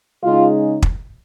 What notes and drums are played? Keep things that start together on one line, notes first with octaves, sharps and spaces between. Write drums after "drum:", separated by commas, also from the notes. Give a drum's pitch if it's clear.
C#3 G#3 D#4 F4
drum: kick